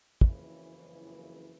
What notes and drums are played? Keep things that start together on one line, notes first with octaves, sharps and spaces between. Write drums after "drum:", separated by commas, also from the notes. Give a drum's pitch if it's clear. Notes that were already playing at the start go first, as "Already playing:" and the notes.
F#1 F2 C#3 E3, drum: kick